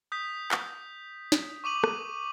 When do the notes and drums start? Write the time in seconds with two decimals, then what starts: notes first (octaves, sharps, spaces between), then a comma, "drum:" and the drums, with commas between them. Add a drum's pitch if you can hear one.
0.12 D#6 G6 B6
0.51 drum: clap
1.32 drum: snare
1.64 C#6 D6 D#7 F#7
1.84 drum: rim click